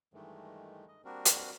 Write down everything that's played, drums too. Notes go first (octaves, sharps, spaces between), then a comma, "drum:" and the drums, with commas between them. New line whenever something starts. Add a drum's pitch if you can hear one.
G2 D#3 E3 G#3 A3
D#5
G3 A#3 C4 D4 F#4 A#4
drum: hi-hat